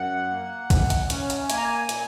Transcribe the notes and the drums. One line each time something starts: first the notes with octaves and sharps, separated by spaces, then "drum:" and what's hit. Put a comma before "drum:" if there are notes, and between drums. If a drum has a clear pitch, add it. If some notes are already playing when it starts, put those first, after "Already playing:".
Already playing: F#2 F#5
A#3
A#2, drum: kick, hi-hat
drum: hi-hat
C#4, drum: hi-hat
drum: hi-hat
A#3 G#5, drum: hi-hat
A#5
G#5
A#2, drum: hi-hat